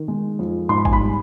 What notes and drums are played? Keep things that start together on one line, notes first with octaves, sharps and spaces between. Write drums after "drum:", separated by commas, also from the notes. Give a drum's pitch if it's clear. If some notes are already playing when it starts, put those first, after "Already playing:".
Already playing: D#3
G#3
F2
G#2 C6
B5
G#5, drum: kick
B5
G3